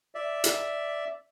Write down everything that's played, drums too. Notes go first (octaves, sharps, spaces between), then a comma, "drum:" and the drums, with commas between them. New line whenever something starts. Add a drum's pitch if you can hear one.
D5 E5
drum: hi-hat